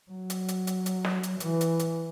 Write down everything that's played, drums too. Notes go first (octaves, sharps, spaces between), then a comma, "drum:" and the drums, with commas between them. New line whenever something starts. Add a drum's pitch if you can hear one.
F#3
drum: hi-hat
drum: hi-hat
drum: hi-hat
drum: hi-hat
drum: snare
drum: hi-hat
E3, drum: hi-hat
drum: hi-hat
drum: hi-hat